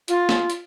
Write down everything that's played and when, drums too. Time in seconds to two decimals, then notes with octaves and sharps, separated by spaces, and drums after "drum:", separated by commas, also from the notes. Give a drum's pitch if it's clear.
0.08 F4, drum: hi-hat
0.29 drum: snare
0.50 drum: hi-hat